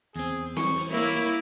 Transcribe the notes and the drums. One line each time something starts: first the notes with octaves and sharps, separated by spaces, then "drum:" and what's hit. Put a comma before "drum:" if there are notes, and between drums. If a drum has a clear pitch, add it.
E2 C4 G#4
E3 G3 C#6, drum: snare C4
drum: hi-hat
A#3 E4 C#5
drum: hi-hat